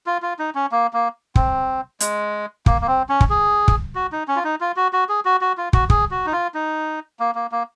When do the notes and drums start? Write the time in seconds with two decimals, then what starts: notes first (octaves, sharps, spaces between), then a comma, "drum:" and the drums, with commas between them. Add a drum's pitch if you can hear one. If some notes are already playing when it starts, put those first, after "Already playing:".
0.06 F4
0.22 F4
0.39 D#4
0.55 C#4
0.72 A#3
0.93 A#3
1.36 C4, drum: kick
2.00 G#3, drum: hi-hat
2.66 A#3, drum: kick
2.81 A#3
2.87 C4
3.09 C#4
3.21 drum: kick
3.30 G#4
3.68 drum: kick
3.95 F#4
4.12 D#4
4.28 C#4
4.36 F4
4.44 D#4
4.61 F4
4.76 F#4
4.93 F#4
5.09 G#4
5.25 F#4
5.41 F#4
5.57 F4
5.73 F#4, drum: kick
5.90 G#4, drum: kick
6.11 F#4
6.26 D#4
6.32 F4
6.54 D#4
7.20 A#3
7.35 A#3
7.52 A#3